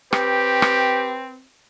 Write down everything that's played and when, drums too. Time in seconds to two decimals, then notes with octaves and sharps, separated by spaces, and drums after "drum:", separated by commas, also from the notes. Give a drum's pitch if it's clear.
0.13 C4 G4 B4, drum: rim click
0.62 drum: rim click